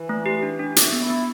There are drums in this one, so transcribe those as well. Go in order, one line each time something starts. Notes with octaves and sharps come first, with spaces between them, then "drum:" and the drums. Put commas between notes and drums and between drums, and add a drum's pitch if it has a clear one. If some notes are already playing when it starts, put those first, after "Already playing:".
Already playing: E3
A3
G4
D4
D4
A3 D4, drum: hi-hat
B3
E4
B3